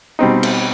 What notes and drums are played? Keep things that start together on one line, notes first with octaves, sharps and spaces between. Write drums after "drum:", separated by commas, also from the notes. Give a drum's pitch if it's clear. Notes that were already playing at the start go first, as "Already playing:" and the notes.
B2 G3 C4 D#4
drum: cymbal